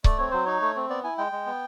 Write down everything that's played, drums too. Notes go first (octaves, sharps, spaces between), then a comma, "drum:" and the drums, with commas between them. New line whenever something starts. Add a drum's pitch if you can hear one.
A3 D5, drum: kick C#1
C4 C#5
F#3 C5
D#4 C#5
A3
C4
B3 D5
E4 G#5
G#3 G5
G#3
B3